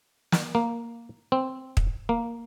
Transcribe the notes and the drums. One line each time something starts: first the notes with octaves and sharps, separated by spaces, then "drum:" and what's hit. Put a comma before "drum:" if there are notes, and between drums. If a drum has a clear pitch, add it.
drum: snare
A#3
C4
drum: kick
A#3